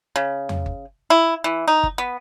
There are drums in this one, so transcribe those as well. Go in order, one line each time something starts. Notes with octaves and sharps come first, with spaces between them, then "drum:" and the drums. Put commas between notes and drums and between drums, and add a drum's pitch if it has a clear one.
C#3
drum: tom E2
drum: kick G1
E4
E3
D#4
drum: kick G1
B3